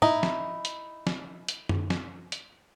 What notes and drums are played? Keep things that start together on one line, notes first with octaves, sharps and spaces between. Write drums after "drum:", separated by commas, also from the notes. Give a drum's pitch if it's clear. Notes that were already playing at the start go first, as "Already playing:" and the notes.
D#4 E4, drum: tom G#2
drum: snare
drum: hi-hat
drum: snare
drum: hi-hat
drum: tom F#2
drum: snare
drum: hi-hat